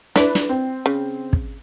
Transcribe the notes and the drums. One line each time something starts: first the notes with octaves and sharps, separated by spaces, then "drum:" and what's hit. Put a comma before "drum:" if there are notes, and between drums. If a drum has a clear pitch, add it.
D4 E4 B4 D5, drum: snare
drum: snare
C4
C#3
drum: kick